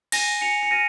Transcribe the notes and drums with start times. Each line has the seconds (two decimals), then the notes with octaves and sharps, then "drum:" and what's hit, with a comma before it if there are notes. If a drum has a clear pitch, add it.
0.12 G#5 A#6 D#7, drum: cymbal
0.41 G#5 C#7 F7
0.63 C#7
0.71 F6 A#6 D#7